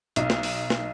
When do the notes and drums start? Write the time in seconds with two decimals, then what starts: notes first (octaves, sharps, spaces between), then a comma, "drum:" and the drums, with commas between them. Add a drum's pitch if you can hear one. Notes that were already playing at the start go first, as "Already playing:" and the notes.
0.16 B1 D#4, drum: hi-hat
0.30 drum: snare
0.43 drum: open hi-hat
0.70 drum: snare